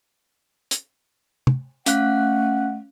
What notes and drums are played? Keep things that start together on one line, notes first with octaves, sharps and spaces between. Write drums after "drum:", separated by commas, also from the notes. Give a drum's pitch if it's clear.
drum: hi-hat
drum: tom
A3 C#4 F5 F#5 F#6, drum: hi-hat